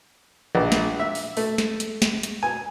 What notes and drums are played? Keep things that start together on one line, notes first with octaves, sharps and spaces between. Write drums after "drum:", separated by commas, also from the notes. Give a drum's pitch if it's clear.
A#1
drum: snare
E5
drum: open hi-hat
A3, drum: open hi-hat
drum: snare
drum: hi-hat
drum: snare
drum: hi-hat
G#5